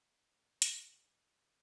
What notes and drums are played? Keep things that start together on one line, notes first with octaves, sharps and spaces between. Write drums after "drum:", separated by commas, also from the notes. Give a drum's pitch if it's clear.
A2 G4 G#4
drum: hi-hat